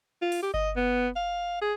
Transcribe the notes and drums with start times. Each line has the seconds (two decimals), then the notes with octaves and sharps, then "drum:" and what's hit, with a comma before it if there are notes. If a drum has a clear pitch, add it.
0.22 F4
0.32 drum: open hi-hat
0.42 G4
0.54 D#5, drum: kick G1
0.76 B3
1.16 F5
1.62 G#4